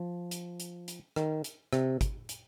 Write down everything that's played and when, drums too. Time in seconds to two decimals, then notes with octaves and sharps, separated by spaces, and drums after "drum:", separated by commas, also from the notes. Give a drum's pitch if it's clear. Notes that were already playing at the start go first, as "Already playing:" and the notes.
Already playing: F3
0.31 drum: hi-hat
0.60 drum: hi-hat
0.88 drum: hi-hat
1.16 D#3, drum: rim click
1.44 drum: hi-hat
1.73 C3, drum: rim click
2.01 drum: kick, hi-hat
2.29 drum: hi-hat